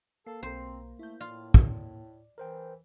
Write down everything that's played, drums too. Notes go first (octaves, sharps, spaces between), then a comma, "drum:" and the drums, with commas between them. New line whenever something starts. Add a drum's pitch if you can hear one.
A#3 A4 C7
B1 C4 C5 A#5
A3 E4 G6
A2 F4 D5
drum: kick
E3 A#4 C5 G5